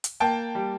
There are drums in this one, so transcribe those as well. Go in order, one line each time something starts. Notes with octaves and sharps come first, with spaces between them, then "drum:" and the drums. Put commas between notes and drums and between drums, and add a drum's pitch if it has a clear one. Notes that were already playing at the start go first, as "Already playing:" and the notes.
drum: hi-hat
A#3 G5 A5
G3